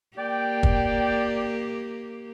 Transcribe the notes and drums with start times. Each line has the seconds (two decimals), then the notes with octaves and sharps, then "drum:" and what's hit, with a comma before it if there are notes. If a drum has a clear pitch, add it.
0.18 A#3 G4 D5 G5
0.63 drum: kick